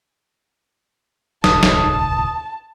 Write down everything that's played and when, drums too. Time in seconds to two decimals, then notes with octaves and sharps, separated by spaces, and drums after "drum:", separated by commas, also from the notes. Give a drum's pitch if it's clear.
1.44 D#1 G#1 C#2 A5 D#6, drum: snare
1.63 drum: snare